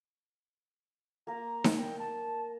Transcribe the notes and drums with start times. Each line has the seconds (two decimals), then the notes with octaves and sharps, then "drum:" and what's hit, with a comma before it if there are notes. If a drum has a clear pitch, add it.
1.27 A#3 A#4 A#5
1.64 drum: snare D#4
1.77 G5
1.99 A5